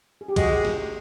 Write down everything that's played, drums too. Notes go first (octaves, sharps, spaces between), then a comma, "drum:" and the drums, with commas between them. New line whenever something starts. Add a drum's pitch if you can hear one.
G#4
G4
G#3 F#4, drum: kick, cymbal
drum: snare